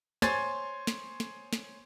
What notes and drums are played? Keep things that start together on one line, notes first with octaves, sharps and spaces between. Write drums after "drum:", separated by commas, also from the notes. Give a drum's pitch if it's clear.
C5 C#5 G#5 C6 G#6 A6, drum: snare
drum: snare
drum: snare
drum: snare